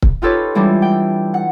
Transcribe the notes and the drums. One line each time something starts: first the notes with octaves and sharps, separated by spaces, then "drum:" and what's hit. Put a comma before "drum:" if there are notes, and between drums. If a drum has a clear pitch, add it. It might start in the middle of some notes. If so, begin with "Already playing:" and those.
drum: kick C#1
D#4 F4 G4 A4 B4 C#5
E3 G3 G#3 D4
G5
F#5